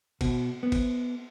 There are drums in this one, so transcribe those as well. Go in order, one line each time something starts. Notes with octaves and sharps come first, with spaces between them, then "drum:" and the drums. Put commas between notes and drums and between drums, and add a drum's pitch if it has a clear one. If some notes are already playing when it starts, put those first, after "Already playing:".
B2, drum: kick, cymbal
B3
drum: kick, cymbal